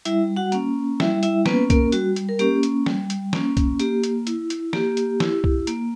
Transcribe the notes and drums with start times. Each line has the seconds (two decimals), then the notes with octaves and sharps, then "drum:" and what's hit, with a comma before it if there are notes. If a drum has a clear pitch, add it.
0.05 G3 E4 E5, drum: hi-hat
0.36 F#4 F#5
0.52 A#3 C#4, drum: hi-hat
1.00 G3 E4 E5, drum: snare
1.23 E4 E5, drum: hi-hat
1.46 A#3 B3 C#4 B4, drum: snare
1.70 A#3 A#4, drum: kick, hi-hat
1.92 G3 F#4, drum: hi-hat
2.16 drum: hi-hat
2.29 A#4
2.39 A#3 C#4 G4, drum: hi-hat
2.63 drum: hi-hat
2.86 G3, drum: snare
3.10 drum: hi-hat
3.33 A#3 C#4, drum: snare
3.57 drum: kick, hi-hat
3.80 A#3 G4, drum: hi-hat
4.04 drum: hi-hat
4.27 E4, drum: hi-hat
4.50 drum: hi-hat
4.73 A#3 G4, drum: snare
4.97 drum: hi-hat
5.20 E4, drum: snare
5.44 drum: kick
5.67 A#3, drum: hi-hat